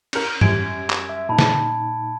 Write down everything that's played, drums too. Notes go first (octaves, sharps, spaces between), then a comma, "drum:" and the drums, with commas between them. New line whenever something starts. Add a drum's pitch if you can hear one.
C#4 A#4 C#7, drum: cymbal
F#2 G3 G#6 D7, drum: tom G#2
drum: clap
E5
A#2 D#4 A5 B5
drum: snare